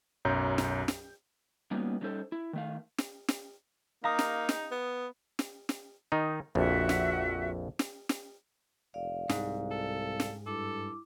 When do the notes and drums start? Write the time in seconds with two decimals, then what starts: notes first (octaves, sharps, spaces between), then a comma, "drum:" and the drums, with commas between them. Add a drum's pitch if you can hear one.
0.25 B1 F#2 C#5 A#5 G6
0.58 drum: snare
0.88 drum: snare
1.71 G3 A#3 B3 C#4 D#4 F#4
2.01 F#3 G3 C#4 D#4 A4 C5
2.32 E4
2.53 D#3 A3 F5
2.98 drum: snare
3.28 drum: snare
4.04 A#3 D#4 F5 A#5 D#6
4.19 drum: snare
4.49 drum: snare
4.71 B3
5.39 drum: snare
5.69 drum: snare
6.12 D#3 D#4
6.55 A#1 F2 F#4 E5
6.89 drum: snare
7.79 drum: snare
8.09 drum: snare
8.94 F1 D5 F5
9.29 C2 G#2, drum: snare
9.71 A4
10.20 drum: snare
10.46 G2 E4 A4 D6